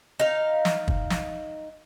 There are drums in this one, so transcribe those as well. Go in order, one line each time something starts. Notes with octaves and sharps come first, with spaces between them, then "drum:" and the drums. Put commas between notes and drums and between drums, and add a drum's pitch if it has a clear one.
D#4 F5
drum: snare
drum: kick
drum: snare